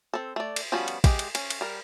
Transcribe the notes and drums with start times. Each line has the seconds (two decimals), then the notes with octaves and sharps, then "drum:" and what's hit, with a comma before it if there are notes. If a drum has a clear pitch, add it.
0.14 C4 A4
0.36 A3 D5
0.56 drum: cymbal
0.72 F3 G3 B3 C#4 F#4
0.88 drum: cymbal
1.04 G#3 G4, drum: kick, cymbal
1.19 drum: cymbal
1.35 C#4, drum: cymbal
1.50 drum: cymbal
1.61 G3 A#4